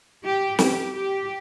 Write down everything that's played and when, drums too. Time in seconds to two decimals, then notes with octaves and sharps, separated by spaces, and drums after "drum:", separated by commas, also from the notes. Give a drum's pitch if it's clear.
0.25 G4
0.59 G4, drum: snare
0.95 G4